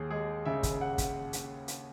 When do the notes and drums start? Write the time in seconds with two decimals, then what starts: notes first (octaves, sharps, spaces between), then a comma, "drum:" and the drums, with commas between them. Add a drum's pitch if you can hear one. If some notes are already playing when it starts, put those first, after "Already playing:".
Already playing: D#2 G#4
0.11 G#3 G#4
0.45 C#3 E5
0.63 drum: kick, hi-hat
0.81 F#5
0.98 drum: kick, hi-hat
1.33 drum: hi-hat
1.68 drum: hi-hat